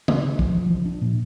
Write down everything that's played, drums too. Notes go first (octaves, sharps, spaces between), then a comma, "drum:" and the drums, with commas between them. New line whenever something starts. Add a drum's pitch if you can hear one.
D4, drum: tom C#3
D4
F3, drum: kick
F3
F3
D4
A#2